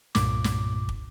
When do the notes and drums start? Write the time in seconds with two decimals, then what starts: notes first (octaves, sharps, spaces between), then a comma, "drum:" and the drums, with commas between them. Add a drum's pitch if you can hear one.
0.15 C2 G2 A#2 D6, drum: snare
0.44 drum: snare
0.89 drum: kick